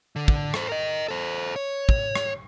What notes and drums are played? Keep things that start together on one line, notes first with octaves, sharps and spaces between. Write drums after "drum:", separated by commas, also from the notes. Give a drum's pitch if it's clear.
D3
drum: kick
A4 C5, drum: rim click
A#4 D#5
A4 C5
C#5
drum: kick
drum: rim click